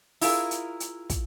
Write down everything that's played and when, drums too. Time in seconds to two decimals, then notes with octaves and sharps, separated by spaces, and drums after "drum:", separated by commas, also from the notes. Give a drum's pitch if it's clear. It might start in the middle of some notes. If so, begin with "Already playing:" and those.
0.21 E4 F4 G#4 A#4, drum: open hi-hat
0.51 drum: hi-hat
0.80 drum: hi-hat
1.10 drum: kick, hi-hat